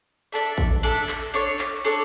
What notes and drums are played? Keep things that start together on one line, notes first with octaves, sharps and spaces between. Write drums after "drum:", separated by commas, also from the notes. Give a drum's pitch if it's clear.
D4 A4 E5, drum: tambourine
drum: kick A1, tambourine
D4 A4 E5, drum: tambourine
drum: clap
D4 A4 C#5, drum: tambourine
drum: clap
D4 A4 C#5, drum: tambourine